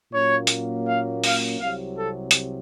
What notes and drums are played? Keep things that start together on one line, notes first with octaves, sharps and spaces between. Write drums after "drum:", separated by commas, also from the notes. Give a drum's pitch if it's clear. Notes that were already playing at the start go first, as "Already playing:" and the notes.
A#2 F#3 A#3 C#4 C#5
drum: hi-hat
F5
F5, drum: open hi-hat
C2 C3 F#3 F5
A4
drum: hi-hat